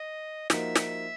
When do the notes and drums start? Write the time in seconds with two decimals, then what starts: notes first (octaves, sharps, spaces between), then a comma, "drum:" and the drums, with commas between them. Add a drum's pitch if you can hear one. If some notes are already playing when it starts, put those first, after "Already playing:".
Already playing: D#5
0.50 F3 A#3 D#4 F#4 A#4 E5, drum: snare
0.76 drum: snare